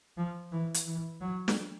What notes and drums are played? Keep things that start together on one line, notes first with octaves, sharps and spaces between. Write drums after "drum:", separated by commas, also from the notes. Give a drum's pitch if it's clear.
F3
E3
drum: hi-hat
E3
F#3
drum: snare